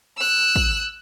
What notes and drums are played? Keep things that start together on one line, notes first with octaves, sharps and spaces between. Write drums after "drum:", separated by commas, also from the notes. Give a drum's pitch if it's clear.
E6 F#6
drum: kick